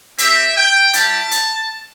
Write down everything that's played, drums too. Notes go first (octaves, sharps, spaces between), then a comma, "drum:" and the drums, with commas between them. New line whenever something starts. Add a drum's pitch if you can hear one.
C4 G4 E5, drum: hi-hat
G5
G3 E4 G4 A5, drum: hi-hat
drum: hi-hat